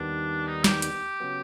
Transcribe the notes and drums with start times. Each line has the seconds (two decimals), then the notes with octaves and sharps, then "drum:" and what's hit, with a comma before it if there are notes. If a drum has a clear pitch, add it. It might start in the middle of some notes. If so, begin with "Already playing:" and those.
Already playing: D#2 D#3 G3 B3 D4
0.47 D#4
0.64 G4, drum: snare
0.82 G4, drum: hi-hat
1.20 C#3 F#3 B3